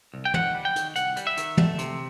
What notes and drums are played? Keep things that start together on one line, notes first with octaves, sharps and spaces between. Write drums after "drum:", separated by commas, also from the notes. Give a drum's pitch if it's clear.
C2
G5
D#3 F#5, drum: tom
G3
G5
D#3, drum: hi-hat
C2 F#5, drum: hi-hat
G3, drum: hi-hat
E5
D#3, drum: hi-hat
A3, drum: tom
C3, drum: hi-hat